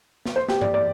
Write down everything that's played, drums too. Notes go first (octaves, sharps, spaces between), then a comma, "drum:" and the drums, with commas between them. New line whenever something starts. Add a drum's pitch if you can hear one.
drum: snare
C5
G4, drum: snare
D5, drum: tom G2
D5